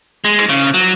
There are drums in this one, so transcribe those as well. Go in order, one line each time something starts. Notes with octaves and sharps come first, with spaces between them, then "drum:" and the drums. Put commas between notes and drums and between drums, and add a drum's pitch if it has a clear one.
G#3
drum: cymbal
C#3
F#3